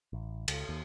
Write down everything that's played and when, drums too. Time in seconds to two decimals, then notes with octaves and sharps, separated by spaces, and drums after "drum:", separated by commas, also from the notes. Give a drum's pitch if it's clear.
0.13 A1
0.48 C#2, drum: cymbal
0.69 D#2